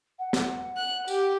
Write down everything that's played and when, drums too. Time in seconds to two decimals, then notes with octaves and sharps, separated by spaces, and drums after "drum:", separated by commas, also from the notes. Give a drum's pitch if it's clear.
0.19 F#5
0.33 drum: snare
0.77 F#6
1.08 G4, drum: tambourine